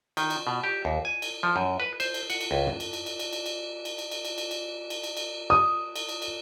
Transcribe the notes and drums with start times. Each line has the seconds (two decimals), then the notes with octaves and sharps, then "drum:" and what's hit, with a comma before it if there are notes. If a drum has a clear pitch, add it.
0.17 D#3, drum: cymbal
0.30 drum: cymbal
0.47 B2
0.64 G4
0.85 D#2
1.05 G#5
1.22 drum: cymbal
1.43 F3
1.56 F#2
1.80 B4
2.00 C5, drum: cymbal
2.14 drum: cymbal
2.30 F#5, drum: cymbal
2.41 drum: cymbal
2.51 C#2
2.67 drum: tom
2.80 drum: cymbal
2.93 drum: cymbal
3.06 drum: cymbal
3.19 drum: cymbal
3.33 drum: cymbal
3.46 drum: cymbal
3.85 drum: cymbal
3.98 drum: cymbal
4.11 drum: cymbal
4.25 drum: cymbal
4.38 drum: cymbal
4.51 drum: cymbal
4.90 drum: cymbal
5.04 drum: cymbal
5.17 drum: cymbal
5.50 D#6
5.96 drum: cymbal
6.09 drum: cymbal
6.22 drum: cymbal